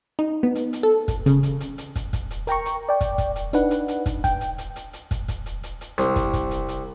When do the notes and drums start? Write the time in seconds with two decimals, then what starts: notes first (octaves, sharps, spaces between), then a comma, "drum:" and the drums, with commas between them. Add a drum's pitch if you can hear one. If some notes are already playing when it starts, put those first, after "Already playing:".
0.19 D#4
0.43 B3
0.55 drum: hi-hat
0.73 drum: hi-hat
0.83 A4
1.08 drum: kick, hi-hat
1.26 C#3, drum: hi-hat
1.43 drum: hi-hat
1.60 drum: hi-hat
1.78 drum: hi-hat
1.96 drum: kick, hi-hat
2.13 drum: kick, hi-hat
2.31 drum: hi-hat
2.47 A#4 G5 A#5 C#6, drum: hi-hat
2.66 drum: hi-hat
2.89 D5 G5
3.01 drum: kick, hi-hat
3.18 drum: kick, hi-hat
3.36 drum: hi-hat
3.53 D4 D#4 B4 F#5, drum: hi-hat
3.71 drum: hi-hat
3.88 drum: hi-hat
4.06 drum: kick, hi-hat
4.24 G5, drum: kick, hi-hat
4.41 drum: hi-hat
4.58 drum: hi-hat
4.76 drum: hi-hat
4.93 drum: hi-hat
5.11 drum: kick, hi-hat
5.28 drum: kick, hi-hat
5.46 drum: hi-hat
5.63 drum: hi-hat
5.81 drum: hi-hat
5.98 C2, drum: hi-hat
6.16 drum: kick, hi-hat
6.33 drum: kick, hi-hat
6.51 drum: hi-hat
6.69 drum: hi-hat